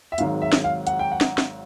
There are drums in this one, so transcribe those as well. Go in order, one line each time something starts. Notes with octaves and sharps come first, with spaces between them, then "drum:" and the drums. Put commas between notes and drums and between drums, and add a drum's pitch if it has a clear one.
E5
G#1 G#2 D#3 F#3 F5, drum: hi-hat
E5
drum: snare
F5
F#5, drum: hi-hat
G5
F#5
drum: snare
drum: snare